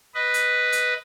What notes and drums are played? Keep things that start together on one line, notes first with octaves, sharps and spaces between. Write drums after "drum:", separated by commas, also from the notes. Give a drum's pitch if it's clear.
B4 D#5
drum: hi-hat
drum: hi-hat